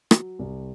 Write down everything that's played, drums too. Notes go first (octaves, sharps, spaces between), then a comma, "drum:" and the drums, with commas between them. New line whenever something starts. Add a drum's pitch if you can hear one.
F#3, drum: rim click
C2